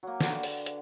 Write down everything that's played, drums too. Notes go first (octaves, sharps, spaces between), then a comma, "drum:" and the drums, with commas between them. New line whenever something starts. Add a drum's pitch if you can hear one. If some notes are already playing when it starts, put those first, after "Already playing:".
F#3 A#3
D3 B4 G5, drum: snare
drum: open hi-hat
drum: hi-hat